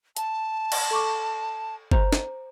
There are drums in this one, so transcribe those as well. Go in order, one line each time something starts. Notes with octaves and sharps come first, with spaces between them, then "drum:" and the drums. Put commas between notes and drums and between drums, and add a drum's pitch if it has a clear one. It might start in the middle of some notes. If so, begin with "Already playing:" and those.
A5, drum: hi-hat
drum: cymbal
A4 C#6 D6
C5 A#5, drum: kick G1
drum: snare